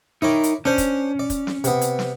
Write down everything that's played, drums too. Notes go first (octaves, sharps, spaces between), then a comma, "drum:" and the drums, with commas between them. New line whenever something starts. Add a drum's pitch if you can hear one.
D#4 E4 A#4 C#5 D6
drum: hi-hat
C#4 D4 C5
drum: kick, hi-hat
D5
drum: kick, hi-hat
drum: snare
C3 B3, drum: hi-hat
drum: hi-hat
drum: snare